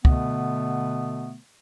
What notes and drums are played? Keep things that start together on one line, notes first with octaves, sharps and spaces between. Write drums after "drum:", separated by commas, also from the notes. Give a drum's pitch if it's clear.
B2 D3 A3 B3, drum: kick